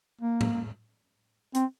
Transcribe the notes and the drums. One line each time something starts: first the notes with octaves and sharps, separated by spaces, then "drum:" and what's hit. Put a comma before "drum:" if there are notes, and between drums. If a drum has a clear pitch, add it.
A#3
drum: tom A2
C4, drum: hi-hat